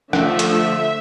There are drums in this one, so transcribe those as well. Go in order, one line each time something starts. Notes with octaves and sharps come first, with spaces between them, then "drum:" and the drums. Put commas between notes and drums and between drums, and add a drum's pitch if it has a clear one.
D3 F3 A3 E5, drum: rim click
drum: hi-hat